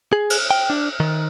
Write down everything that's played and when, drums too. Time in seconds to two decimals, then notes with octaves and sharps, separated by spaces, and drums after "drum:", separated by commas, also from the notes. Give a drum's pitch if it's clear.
0.13 G#4
0.30 drum: cymbal
0.51 G5
0.70 D4
1.00 D#3